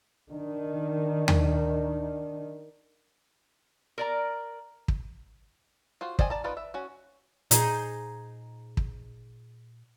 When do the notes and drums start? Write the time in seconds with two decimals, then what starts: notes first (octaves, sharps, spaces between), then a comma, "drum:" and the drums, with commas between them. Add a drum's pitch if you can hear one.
0.32 D#3 D4
1.28 drum: tom D#2
3.98 A#4 D5 A#5
4.88 drum: kick
6.01 F4 F#4 C5
6.19 C5 D5 D#5 G5 G#5, drum: kick
6.30 D5 A5 A#5
6.44 B3 D#4 F4 B4 D5
6.57 E5
6.74 C#4 F#4
7.51 A#2 D#4 G#4 C5, drum: hi-hat
8.77 drum: kick